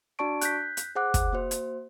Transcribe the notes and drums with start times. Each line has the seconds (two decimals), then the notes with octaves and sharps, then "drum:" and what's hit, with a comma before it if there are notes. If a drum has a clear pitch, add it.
0.19 D4 F#4 D5 A5 C#6 D7
0.41 F#6 G6 B6, drum: hi-hat
0.77 drum: hi-hat
0.95 G#4 C5 F#5 D6 F#6
1.14 drum: kick, hi-hat
1.33 A#3 F#4 C5
1.51 drum: hi-hat